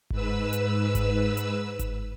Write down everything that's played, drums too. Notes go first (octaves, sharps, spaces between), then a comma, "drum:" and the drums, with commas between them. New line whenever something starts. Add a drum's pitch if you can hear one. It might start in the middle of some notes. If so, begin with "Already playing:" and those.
G#2 B4 E6, drum: kick G1
drum: hi-hat
drum: kick G1, hi-hat
drum: hi-hat
drum: kick G1, hi-hat